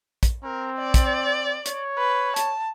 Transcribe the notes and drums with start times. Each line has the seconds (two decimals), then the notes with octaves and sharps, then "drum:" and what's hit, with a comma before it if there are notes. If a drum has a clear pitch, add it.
0.23 drum: kick, hi-hat
0.44 C4 A#4
0.78 D5
0.94 drum: kick, hi-hat
1.66 C#5, drum: hi-hat
1.98 B4
2.36 A5, drum: hi-hat